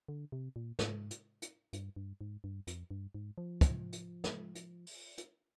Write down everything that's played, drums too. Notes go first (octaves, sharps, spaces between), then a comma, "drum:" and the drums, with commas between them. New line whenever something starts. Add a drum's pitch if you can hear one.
D3
C3
A#2
G#2, drum: snare
drum: hi-hat
drum: hi-hat
G2, drum: hi-hat
G2
G#2
G2
F2, drum: hi-hat
G2
G#2
F3
drum: kick, hi-hat
drum: hi-hat
drum: snare
drum: hi-hat
drum: open hi-hat
drum: hi-hat